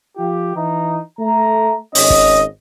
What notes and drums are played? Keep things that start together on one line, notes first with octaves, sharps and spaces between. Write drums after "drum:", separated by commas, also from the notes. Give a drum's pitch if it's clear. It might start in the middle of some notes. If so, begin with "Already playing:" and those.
F3 F4 G4
E3 D#4
A3 A#5
G#1 C#4 D#5, drum: open hi-hat
drum: kick